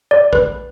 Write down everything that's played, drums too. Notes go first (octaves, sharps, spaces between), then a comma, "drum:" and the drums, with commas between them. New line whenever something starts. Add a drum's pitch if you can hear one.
D5
B4, drum: kick